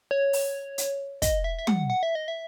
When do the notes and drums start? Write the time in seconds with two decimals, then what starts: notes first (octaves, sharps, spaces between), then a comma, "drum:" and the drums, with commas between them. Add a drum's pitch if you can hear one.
0.11 C#5
0.33 drum: open hi-hat
0.78 drum: hi-hat
1.22 D#5, drum: kick, hi-hat
1.44 E5
1.59 E5
1.67 F#5, drum: tom
1.90 F#5
2.03 E5
2.15 D#5
2.28 E5